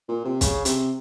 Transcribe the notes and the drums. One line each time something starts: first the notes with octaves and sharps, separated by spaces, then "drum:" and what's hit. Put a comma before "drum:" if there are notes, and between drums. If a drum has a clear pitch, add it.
A#2
C3
C#3, drum: kick, hi-hat
C3, drum: hi-hat